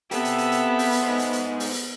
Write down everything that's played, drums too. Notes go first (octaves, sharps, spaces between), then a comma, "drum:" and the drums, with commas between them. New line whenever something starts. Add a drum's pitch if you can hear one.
B3 C4 G4 A4 E5, drum: hi-hat
drum: hi-hat
drum: hi-hat
drum: hi-hat
drum: open hi-hat
drum: hi-hat
D#4 C5
drum: hi-hat
drum: hi-hat
drum: open hi-hat
drum: hi-hat